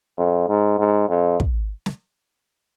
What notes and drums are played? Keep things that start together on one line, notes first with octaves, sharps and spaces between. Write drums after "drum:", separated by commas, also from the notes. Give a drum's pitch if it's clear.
F2
G#2
G#2
F2
drum: kick
drum: snare